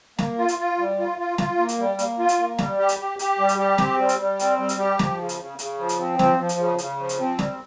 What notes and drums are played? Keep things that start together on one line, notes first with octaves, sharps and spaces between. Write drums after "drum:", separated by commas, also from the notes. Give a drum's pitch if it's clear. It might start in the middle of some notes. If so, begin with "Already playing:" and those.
A#3, drum: snare
F4
drum: hi-hat
F4
G3
F4
F4
F4, drum: snare
A#3
drum: hi-hat
G3
A#3, drum: hi-hat
F4
drum: hi-hat
A#3
G3, drum: snare
G4
drum: hi-hat
G4
G4, drum: hi-hat
G3
drum: hi-hat
G4
C4, drum: snare
G3
drum: hi-hat
G3
C4, drum: hi-hat
G3
drum: hi-hat
G4
F3, drum: snare
C#3
drum: hi-hat
C#3
C#3, drum: hi-hat
F3
drum: hi-hat
C4
F3, drum: snare
F3
drum: hi-hat
C#3
C#3, drum: hi-hat
F3
drum: hi-hat
C4
G3, drum: snare